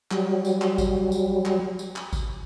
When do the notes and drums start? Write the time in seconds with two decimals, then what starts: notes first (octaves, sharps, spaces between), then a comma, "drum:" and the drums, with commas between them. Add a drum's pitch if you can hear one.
0.11 F#3 G3, drum: clap
0.45 drum: tambourine
0.61 drum: clap
0.78 drum: kick G#1, tambourine
1.12 drum: tambourine
1.45 drum: clap
1.79 drum: tambourine
1.96 drum: clap
2.13 drum: kick G#1, tambourine